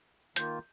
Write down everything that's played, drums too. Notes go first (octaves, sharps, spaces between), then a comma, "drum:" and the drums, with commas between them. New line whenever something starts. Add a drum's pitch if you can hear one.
D#3 A#3 F4 G6, drum: hi-hat